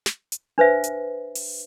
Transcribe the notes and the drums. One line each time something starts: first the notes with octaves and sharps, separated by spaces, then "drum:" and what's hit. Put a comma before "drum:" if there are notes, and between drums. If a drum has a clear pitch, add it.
drum: snare
drum: hi-hat
D4 B4 C5 E5
drum: hi-hat
drum: open hi-hat